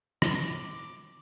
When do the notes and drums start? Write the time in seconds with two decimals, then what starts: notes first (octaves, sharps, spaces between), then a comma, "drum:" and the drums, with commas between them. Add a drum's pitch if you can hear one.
0.22 D6, drum: rim click